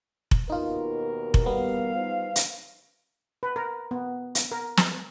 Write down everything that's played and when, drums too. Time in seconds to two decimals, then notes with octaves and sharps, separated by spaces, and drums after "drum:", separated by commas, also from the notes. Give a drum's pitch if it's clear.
0.31 drum: kick F1
0.50 D#2 B2 D#4 F4 A#4
1.34 drum: kick F1
1.46 G3 B3 F5
1.95 D#4 F4 C5
2.36 drum: hi-hat
3.43 B4
3.56 A#4
3.91 B3
4.35 drum: hi-hat
4.52 A#4
4.77 drum: snare